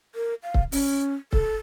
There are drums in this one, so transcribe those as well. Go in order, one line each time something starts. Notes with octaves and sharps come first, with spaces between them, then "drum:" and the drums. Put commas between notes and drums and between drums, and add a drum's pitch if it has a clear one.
A#4
F5
drum: kick C#1
C#4, drum: open hi-hat
A4, drum: kick C#1